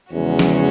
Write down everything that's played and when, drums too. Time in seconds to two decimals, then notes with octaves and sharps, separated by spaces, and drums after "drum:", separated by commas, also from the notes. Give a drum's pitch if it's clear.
0.12 E2 C#3 F3 G#3 C#4 F#4
0.39 drum: snare